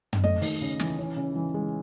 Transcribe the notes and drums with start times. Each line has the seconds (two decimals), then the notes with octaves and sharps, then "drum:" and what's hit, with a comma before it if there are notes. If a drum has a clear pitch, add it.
0.13 drum: tom
0.24 A3 D#5
0.42 D#2, drum: open hi-hat
0.61 C#3
0.79 E3, drum: snare
0.98 C#4
1.16 C#3
1.35 E3
1.54 G#3